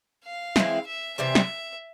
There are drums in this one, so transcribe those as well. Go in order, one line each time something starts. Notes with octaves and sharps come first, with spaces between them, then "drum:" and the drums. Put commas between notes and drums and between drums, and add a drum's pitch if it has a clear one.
F5
E3 G#3 C4 E4, drum: snare
E5
C3 E3 G3 C4 E5
drum: snare